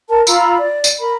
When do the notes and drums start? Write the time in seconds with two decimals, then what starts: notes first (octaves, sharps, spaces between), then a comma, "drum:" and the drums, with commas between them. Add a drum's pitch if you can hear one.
0.09 A#4 A5
0.27 F4 A#5 B5 E6, drum: tambourine
0.59 D5
0.84 drum: tambourine
0.99 A#4 B5